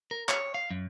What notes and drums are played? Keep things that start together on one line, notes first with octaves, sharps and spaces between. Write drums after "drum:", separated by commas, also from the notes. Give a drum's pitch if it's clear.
A#4
C#5, drum: clap
F5
F#2